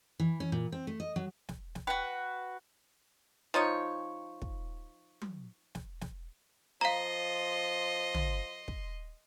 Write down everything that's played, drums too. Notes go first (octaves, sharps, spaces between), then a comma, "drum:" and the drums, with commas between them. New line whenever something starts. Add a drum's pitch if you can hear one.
E3
C#4
A#2
C4
A3
D#5
F#3
drum: snare
drum: snare
F#4 B4 G5
F3 D#4 C#5
drum: kick
drum: tom F#3
drum: snare
drum: snare
F3 D#5 F5 A#5 C6
drum: tom
drum: kick